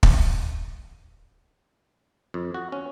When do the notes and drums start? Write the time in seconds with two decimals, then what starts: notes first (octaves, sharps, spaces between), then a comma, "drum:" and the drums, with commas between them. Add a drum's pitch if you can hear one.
0.03 drum: kick
2.34 F2
2.54 F#4
2.72 C#4